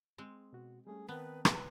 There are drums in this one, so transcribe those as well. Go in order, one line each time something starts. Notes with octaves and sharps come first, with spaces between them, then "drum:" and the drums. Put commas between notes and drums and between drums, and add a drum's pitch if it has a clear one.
G#3 C4
B2 F#4
G3 A3 C#4 G#4
D#3 B3 C4 B4 A5
B4, drum: rim click